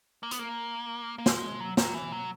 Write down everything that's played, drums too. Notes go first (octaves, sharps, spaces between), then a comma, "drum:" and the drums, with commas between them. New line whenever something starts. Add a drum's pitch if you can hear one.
A#3
B3, drum: hi-hat
A#3
A#3
G#3, drum: snare
F#3
F#3, drum: snare
E3
F#3